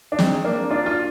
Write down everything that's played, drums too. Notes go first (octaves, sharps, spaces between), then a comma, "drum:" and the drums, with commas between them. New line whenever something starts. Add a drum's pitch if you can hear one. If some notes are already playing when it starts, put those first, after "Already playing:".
D4
G#3 C4, drum: snare
A#3 D4
D4 F4
F4